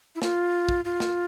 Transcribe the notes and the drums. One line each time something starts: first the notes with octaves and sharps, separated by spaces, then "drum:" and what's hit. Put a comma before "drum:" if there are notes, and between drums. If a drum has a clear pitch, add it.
E4
F4, drum: snare
drum: kick
F4
drum: snare